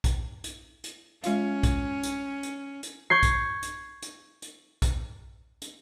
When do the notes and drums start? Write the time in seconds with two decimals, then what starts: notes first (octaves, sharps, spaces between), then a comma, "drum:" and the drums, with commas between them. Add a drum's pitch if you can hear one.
0.04 drum: kick A#1, hi-hat
0.44 drum: hi-hat
0.84 drum: hi-hat
1.24 G#3 C#4 F4 F5, drum: hi-hat
1.63 drum: kick A#1, hi-hat
2.03 drum: hi-hat
2.43 drum: hi-hat
2.83 drum: hi-hat
3.10 C#6 G6 G#6 C7
3.23 drum: kick A#1, hi-hat
3.63 drum: hi-hat
4.02 drum: hi-hat
4.42 drum: hi-hat
4.82 drum: kick A#1, hi-hat
5.62 drum: hi-hat